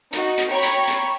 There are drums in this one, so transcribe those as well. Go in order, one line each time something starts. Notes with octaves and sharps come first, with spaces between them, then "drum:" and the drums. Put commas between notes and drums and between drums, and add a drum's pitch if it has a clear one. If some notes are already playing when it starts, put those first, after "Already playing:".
D#4 F#4, drum: hi-hat
drum: hi-hat
C#5 G5 A#5 B5 C#6
drum: hi-hat
drum: hi-hat